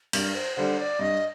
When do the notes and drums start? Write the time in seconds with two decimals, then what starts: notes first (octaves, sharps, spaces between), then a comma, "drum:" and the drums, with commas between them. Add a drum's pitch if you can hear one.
0.13 G2 A#4, drum: cymbal
0.35 C5
0.56 D3 G3 C5
0.78 D5
0.99 G2 D#5